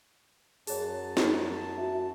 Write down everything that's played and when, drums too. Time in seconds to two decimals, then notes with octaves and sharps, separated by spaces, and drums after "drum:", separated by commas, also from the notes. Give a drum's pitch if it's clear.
0.67 F#2 G#4 C#5 A5, drum: open hi-hat
1.17 drum: snare
1.78 F#4 E5